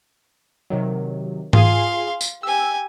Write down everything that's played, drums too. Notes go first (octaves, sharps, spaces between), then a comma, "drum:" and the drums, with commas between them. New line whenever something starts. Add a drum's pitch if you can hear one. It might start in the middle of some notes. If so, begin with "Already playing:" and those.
C3 D#3 F#3
F4 G#4 F5 G#5 C6, drum: tom G#2
drum: tambourine
G4 G#5 E6